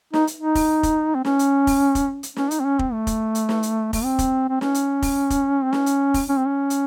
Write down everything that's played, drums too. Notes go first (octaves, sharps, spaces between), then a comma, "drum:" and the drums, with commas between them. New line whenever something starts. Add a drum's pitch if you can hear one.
D#4, drum: snare
drum: hi-hat
D#4
drum: kick, open hi-hat
drum: kick, hi-hat
C4
C#4, drum: snare
drum: hi-hat
drum: kick, open hi-hat
drum: kick, hi-hat
drum: hi-hat
C#4, drum: snare
D#4, drum: hi-hat
C4
C#4
C4, drum: kick
A3
drum: kick, hi-hat
drum: hi-hat
drum: snare
drum: hi-hat
A3, drum: kick, open hi-hat
C4
drum: kick, hi-hat
C4
C#4, drum: snare
drum: hi-hat
drum: kick, open hi-hat
drum: kick, hi-hat
C4
C#4, drum: snare
drum: hi-hat
drum: kick, open hi-hat
C#4
C4
C#4
drum: hi-hat